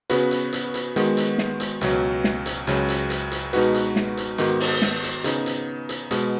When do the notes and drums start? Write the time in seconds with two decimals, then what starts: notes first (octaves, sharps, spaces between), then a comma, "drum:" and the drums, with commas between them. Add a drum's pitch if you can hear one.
0.10 C#3 B3 F#4 B4, drum: hi-hat
0.31 drum: hi-hat
0.53 drum: hi-hat
0.74 drum: hi-hat
0.96 D#3 G#3 B3 F#4, drum: hi-hat
1.17 drum: hi-hat
1.38 drum: snare
1.60 drum: hi-hat
1.81 C#2 B2 F#3, drum: hi-hat
2.24 drum: snare
2.46 drum: hi-hat
2.67 C#2 C#3 F#3, drum: hi-hat
2.89 drum: hi-hat
3.10 drum: hi-hat
3.32 drum: hi-hat
3.53 B2 G#3 D#4 F#4 B4, drum: hi-hat
3.74 drum: hi-hat
3.96 drum: snare
4.17 drum: hi-hat
4.38 G#2 D#3 B3 F#4, drum: hi-hat
4.60 drum: open hi-hat
4.82 drum: snare
5.03 drum: hi-hat
5.24 C#3 B3 D#4, drum: hi-hat
5.46 drum: hi-hat
5.89 drum: hi-hat
6.11 B2 G#3 B3, drum: hi-hat